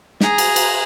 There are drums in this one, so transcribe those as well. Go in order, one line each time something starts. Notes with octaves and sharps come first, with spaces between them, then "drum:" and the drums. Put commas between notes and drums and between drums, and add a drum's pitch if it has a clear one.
G#4 A#5, drum: snare
drum: cymbal
drum: cymbal